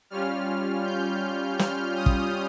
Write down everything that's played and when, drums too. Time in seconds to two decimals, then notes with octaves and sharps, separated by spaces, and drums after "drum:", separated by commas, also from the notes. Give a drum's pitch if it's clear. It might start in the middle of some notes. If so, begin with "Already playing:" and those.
0.10 G3 C#4 F4 F6
0.85 G6
1.59 F6, drum: snare
1.96 D#6
2.06 drum: kick